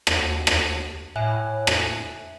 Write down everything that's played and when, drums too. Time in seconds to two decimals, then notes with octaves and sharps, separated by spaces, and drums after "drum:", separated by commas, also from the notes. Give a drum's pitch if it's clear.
0.07 D#2 F#4, drum: rim click
0.47 drum: rim click
1.16 A2 E5 G#5 F#6
1.67 drum: rim click